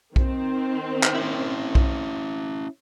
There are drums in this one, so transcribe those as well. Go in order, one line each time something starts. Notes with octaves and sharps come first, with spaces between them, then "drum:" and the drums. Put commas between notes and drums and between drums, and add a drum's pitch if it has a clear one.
D#3 C4 C5, drum: kick B1
drum: clap
C#4 E4
drum: kick B1